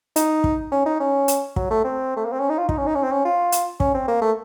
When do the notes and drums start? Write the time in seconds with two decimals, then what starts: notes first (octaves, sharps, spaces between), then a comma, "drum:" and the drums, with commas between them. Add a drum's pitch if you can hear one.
0.16 D#4, drum: hi-hat
0.44 drum: kick
0.72 C#4
0.86 D#4
1.00 C#4
1.28 drum: hi-hat
1.56 F#3, drum: kick
1.71 A3
1.84 C4
2.16 A3
2.25 A#3
2.32 C4
2.40 C#4
2.49 D#4
2.59 F4
2.69 D#4, drum: kick
2.78 C#4
2.87 D#4
2.95 C#4
3.03 C4
3.12 C#4
3.25 F4
3.52 drum: hi-hat
3.80 C#4, drum: kick
3.94 C4
4.08 A#3
4.22 A3